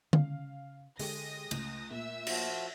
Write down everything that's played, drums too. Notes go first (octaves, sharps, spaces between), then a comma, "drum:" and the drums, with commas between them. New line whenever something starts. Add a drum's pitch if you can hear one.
C#3 F5, drum: tom
D3 G#3 G4 A4 D#6 A#6, drum: open hi-hat
C#2 A3, drum: cymbal
A#2 E5 E6
F3 F4 F#4, drum: cymbal